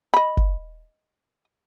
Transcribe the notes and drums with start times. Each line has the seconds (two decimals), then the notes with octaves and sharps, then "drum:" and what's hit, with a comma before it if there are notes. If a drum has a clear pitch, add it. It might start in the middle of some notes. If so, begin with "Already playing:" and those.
0.14 D#5 B5
0.37 drum: kick